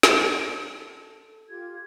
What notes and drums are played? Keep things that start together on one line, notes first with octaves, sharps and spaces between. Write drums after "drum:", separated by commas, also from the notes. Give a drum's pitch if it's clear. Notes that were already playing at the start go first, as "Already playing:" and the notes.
drum: snare
A4
F4 G4 G#6